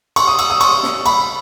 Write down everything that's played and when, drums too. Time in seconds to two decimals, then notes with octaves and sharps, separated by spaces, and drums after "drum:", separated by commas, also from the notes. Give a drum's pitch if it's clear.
0.16 C#6, drum: cymbal
0.27 D#6
0.39 E6, drum: cymbal
0.50 D#6
0.61 C#6, drum: cymbal
0.83 drum: snare
1.06 B5, drum: cymbal